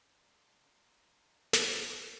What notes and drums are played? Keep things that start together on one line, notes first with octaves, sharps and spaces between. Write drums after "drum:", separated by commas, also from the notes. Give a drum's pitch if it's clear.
D5 F5 A5 A#5 C6
drum: snare